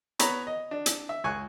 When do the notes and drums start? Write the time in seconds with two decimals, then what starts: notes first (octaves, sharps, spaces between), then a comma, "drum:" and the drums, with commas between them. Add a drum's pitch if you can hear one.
0.19 B3 C#5 A#5 B5, drum: hi-hat
0.47 D#5
0.71 D4
0.86 drum: hi-hat
1.09 E5
1.24 C#2 G#5 C#6 F#6